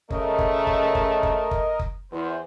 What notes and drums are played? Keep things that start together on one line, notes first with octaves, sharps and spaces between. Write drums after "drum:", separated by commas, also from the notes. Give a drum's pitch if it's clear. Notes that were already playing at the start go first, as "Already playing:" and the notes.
C#3 A3 A#4 D#5, drum: kick F#1
drum: kick F#1
drum: kick F#1
drum: kick F#1
drum: kick F#1
drum: kick F#1
drum: kick F#1
E2 E3 C5